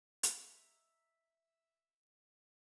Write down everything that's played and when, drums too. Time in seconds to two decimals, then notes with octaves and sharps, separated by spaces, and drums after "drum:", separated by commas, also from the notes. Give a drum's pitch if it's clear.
0.23 D#5 E5 A#5, drum: hi-hat